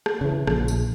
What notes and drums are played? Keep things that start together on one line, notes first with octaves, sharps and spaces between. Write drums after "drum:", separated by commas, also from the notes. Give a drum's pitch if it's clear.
drum: rim click
C#3 E3
A#1, drum: rim click
drum: tambourine